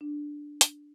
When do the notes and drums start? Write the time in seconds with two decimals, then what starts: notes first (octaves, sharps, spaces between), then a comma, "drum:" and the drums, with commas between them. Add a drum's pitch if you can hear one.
0.01 D4
0.61 drum: hi-hat